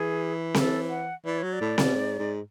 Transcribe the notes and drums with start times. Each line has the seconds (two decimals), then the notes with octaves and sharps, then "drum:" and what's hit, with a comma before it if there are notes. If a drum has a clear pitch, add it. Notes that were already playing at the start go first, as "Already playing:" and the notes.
Already playing: E3 G#4
0.54 A4, drum: snare C4
0.89 F#5
1.25 E3 D5
1.38 F#3 C#5
1.53 D5
1.61 A2
1.78 B2, drum: snare C4
1.95 G#2
2.19 G#2